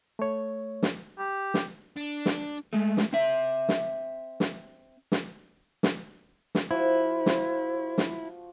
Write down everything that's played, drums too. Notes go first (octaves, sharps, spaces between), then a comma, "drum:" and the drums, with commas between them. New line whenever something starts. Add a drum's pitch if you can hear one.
A3 C#5
drum: snare
G4
drum: snare
D4
drum: snare
G#3 A3
drum: snare
C4 E5
drum: snare
drum: snare
drum: snare
drum: snare
drum: snare
F3 E4 F#4 C5
drum: snare
drum: snare